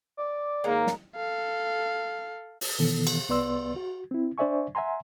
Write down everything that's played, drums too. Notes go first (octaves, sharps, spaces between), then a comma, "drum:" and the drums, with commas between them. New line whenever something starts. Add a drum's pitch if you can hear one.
D5
G#2 D#3 G#3 A#3 C#4 A#5
drum: snare
A4 F5
drum: open hi-hat
B2 D#3 E3 B3 A4
drum: cymbal
C2 B3 B4 D5 C6 E6
F#4
C4 E4
D4 C5 D5 E5 G#5 C#6
E5 F#5 G#5 A#5 C6